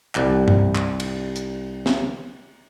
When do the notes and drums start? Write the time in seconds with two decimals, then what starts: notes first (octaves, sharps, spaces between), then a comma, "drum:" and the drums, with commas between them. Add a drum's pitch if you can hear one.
0.15 C2 G3 F#5 A#5, drum: clap
0.48 drum: tom G2
0.75 drum: clap
1.00 drum: cymbal
1.36 drum: hi-hat
1.86 drum: snare